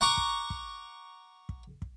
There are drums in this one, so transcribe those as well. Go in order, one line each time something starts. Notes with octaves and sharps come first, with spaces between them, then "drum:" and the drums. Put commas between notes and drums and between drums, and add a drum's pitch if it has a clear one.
F#5 A#5 C#6 D6
drum: kick
drum: kick
drum: kick
drum: kick